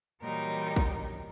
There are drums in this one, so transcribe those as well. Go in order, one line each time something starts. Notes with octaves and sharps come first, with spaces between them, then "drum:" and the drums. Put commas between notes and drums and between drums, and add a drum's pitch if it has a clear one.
A#2 E3 F#3 G3 D#4 A#4
drum: kick